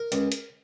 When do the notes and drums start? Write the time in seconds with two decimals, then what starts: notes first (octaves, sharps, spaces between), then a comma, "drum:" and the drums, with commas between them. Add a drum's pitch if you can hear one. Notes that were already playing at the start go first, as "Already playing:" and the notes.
Already playing: A#4
0.12 C#2, drum: hi-hat
0.32 drum: hi-hat